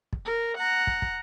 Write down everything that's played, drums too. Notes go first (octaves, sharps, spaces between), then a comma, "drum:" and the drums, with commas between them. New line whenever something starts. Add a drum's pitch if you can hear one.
drum: kick
A#4
F#5 A#5
drum: kick
drum: kick